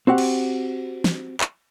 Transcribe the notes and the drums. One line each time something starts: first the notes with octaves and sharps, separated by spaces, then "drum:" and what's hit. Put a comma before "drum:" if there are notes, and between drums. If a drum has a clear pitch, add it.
C4 F#4 G4 F#5
drum: cymbal
drum: snare
drum: clap